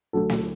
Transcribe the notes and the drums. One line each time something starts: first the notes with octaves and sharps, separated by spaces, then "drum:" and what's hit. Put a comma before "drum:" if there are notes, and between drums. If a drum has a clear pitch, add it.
D2 D3 F#3 A4
drum: snare